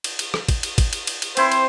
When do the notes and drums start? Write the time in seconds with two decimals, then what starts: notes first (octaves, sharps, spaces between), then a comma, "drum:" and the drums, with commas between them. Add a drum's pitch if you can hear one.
0.04 drum: cymbal
0.19 drum: cymbal
0.34 drum: rim click
0.49 drum: kick, cymbal
0.63 drum: cymbal
0.78 drum: kick, cymbal
0.93 drum: cymbal
1.07 drum: cymbal
1.22 drum: cymbal
1.37 C4 E4 C5, drum: cymbal
1.52 drum: cymbal